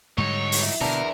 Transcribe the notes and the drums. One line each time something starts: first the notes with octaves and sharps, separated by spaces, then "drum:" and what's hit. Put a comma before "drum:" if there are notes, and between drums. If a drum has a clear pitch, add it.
G#2 D3 F#3 G3 D#4 C#5
drum: open hi-hat
E4
E2 B2 D3 D4 A#4 F#5